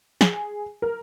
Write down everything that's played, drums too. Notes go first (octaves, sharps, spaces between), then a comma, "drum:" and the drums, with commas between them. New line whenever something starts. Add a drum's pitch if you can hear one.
G#4, drum: snare
A#4